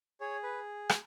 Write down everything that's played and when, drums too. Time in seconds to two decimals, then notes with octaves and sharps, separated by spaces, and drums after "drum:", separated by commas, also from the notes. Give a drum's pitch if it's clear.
0.21 G#4 C#5
0.43 B4
0.89 drum: rim click